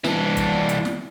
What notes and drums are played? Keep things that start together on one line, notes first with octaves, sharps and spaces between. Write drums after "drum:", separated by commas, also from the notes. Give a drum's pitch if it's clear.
E3 D4, drum: snare
drum: kick, hi-hat
drum: hi-hat
drum: snare